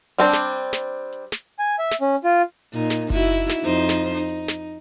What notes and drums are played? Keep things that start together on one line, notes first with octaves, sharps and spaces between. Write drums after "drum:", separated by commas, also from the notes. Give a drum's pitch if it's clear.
G3 C4 D4
drum: snare
drum: snare
drum: hi-hat
drum: snare
G#5
E5
drum: snare
C#4
F4
A#2 D#4, drum: hi-hat
drum: snare
D#4 E4 F#4, drum: kick F#1, open hi-hat
drum: snare
F2 D#4 C5
drum: snare
D#4
drum: hi-hat
drum: snare